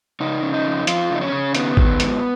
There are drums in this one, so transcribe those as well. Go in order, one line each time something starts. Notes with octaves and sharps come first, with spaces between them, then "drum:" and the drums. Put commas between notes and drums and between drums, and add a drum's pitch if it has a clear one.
C#3 D#4
C#3
D#4
F2
F2 F4, drum: hi-hat
C#3 D#4
C#4
C#3
D#3 B3, drum: hi-hat
D#3, drum: kick G#1
G#2, drum: hi-hat